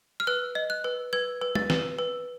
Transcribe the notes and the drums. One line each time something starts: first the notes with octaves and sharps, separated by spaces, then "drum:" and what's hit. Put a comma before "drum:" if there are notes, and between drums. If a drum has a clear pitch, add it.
F6
B4 F#6
D#5
F#6
B4
B4 G#6
B4
A6, drum: tom
B4, drum: snare
B4